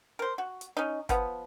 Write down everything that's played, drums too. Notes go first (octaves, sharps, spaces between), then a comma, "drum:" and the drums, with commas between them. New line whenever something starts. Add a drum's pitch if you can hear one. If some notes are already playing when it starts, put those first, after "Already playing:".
A#4 C5
F#4
drum: hi-hat
C#4 D#4
F3 B3, drum: kick, hi-hat